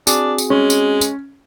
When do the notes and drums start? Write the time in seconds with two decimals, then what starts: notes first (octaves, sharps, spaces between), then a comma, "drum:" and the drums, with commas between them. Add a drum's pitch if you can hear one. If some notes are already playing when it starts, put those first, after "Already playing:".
0.07 C4 D4 F#4 G#4, drum: tambourine
0.38 drum: tambourine
0.50 G#3 C#4
0.70 drum: tambourine
1.01 drum: tambourine